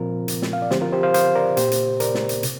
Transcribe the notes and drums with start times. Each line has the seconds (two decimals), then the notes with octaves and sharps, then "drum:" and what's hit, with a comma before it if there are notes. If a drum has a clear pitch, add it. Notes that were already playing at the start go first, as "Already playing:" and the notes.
Already playing: A#2 F3 C4 F4 A#4
0.28 drum: hi-hat
0.42 drum: snare
0.53 F5
0.62 D5
0.71 D3 F3 C4 G4 C5, drum: snare
0.81 F4 A#4
0.92 G4 C5
1.03 C5 F5
1.14 C5 F5, drum: hi-hat
1.35 A#4 D5
1.57 A#2 A#3 G4 C5, drum: hi-hat
1.71 drum: hi-hat
2.00 A#4 D5, drum: hi-hat
2.15 drum: snare
2.29 drum: hi-hat
2.43 C3, drum: hi-hat